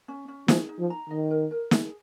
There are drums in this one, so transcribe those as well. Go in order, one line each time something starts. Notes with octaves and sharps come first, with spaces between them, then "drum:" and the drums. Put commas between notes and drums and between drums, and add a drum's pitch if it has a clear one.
C#4
C#4
F3 G#4, drum: snare
D#4
F3
A#5
D#3 D#5
A#4
A#4
G#4, drum: snare